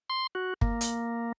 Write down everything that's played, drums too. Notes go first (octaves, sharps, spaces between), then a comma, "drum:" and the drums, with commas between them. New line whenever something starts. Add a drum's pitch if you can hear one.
C6
F#4
A#3, drum: kick
drum: hi-hat